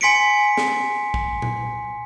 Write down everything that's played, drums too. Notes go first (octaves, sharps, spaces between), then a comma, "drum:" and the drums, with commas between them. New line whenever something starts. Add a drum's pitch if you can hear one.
G#5 C6 B6 C#7 D7
drum: snare
drum: kick
drum: tom A#2